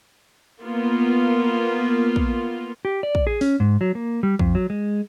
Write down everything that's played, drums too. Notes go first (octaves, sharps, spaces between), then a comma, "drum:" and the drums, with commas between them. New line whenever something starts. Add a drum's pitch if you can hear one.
A#3 B3 F4
drum: kick
G4
D5
drum: kick
G#4
C#4, drum: open hi-hat
G#2
F#3
A#3
G3
F2, drum: kick
F#3
G#3